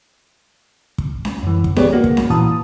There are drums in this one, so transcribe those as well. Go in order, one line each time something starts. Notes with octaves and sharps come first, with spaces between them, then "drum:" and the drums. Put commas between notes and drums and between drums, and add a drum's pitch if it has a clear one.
drum: kick
drum: snare C#4
F#2 E3
drum: kick
B3 G4 G#4 C#5 D5, drum: snare C#4
A#3 F#4
drum: kick
drum: snare C#4
A#2 E3 A5 D#6